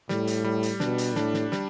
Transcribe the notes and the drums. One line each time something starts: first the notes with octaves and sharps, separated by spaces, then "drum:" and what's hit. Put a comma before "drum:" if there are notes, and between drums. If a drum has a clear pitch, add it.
A2 G3, drum: snare
drum: hi-hat
G3
drum: hi-hat
B2 D4, drum: snare
drum: hi-hat
A2 D4, drum: snare
drum: snare
G3, drum: snare